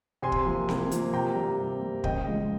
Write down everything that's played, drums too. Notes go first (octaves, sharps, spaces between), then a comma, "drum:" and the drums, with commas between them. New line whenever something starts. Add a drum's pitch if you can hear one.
C3 G#5 C6
drum: kick
F3 A#3
C3, drum: snare C4
F3 A#3, drum: hi-hat
C3 G5 A#5
G3 A#3
C3
G3 A#3
C#3 D#5 G5, drum: kick
F3 G#3